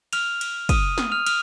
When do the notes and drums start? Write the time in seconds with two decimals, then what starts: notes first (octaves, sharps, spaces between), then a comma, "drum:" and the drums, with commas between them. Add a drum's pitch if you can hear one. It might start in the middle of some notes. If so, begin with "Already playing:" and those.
0.13 F6 F7, drum: cymbal
0.41 drum: cymbal
0.69 D#6 D#7, drum: kick, cymbal
0.98 drum: snare
1.12 F6 F7
1.26 F6 F7, drum: cymbal